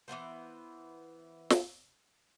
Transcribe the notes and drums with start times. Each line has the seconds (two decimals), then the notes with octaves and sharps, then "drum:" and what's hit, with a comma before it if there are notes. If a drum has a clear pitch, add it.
0.08 E3 G#3 B3 C5
1.50 drum: snare